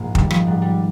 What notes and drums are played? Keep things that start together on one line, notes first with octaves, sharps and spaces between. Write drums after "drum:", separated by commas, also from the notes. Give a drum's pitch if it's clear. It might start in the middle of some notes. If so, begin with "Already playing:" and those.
Already playing: A#1 G#2 A#3
D#3 G3, drum: kick
F3, drum: rim click
G#2 G3
G3